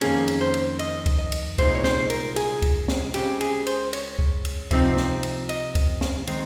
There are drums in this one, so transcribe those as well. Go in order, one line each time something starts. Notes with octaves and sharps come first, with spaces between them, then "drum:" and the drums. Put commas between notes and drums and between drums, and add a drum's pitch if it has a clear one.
F2 D#3 A#3 C#4 G#4, drum: cymbal
drum: cymbal
C5
drum: cymbal
D#5, drum: cymbal
drum: kick C#2, cymbal
D#5
drum: cymbal
C2 A#2 G#3 D#4 C5, drum: kick C#2, cymbal
C#5
C5, drum: snare
A#4, drum: cymbal
G#4, drum: cymbal
drum: kick C#2, cymbal
drum: snare
C#2 C#3 G#3 C4 G4, drum: cymbal
G#4, drum: cymbal
C5, drum: cymbal
C#5, drum: cymbal
drum: kick C#2
drum: cymbal
C3 F3 C4 D#4, drum: kick C#2, cymbal
drum: snare
drum: cymbal
D#5, drum: cymbal
drum: kick C#2, cymbal
drum: snare
D#3 G#3 C4 D#4, drum: cymbal